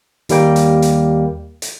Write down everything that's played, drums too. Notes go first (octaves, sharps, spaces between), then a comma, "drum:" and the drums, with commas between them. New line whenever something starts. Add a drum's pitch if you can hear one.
D#2 G3 A#3 G5, drum: hi-hat
drum: hi-hat
drum: hi-hat
drum: hi-hat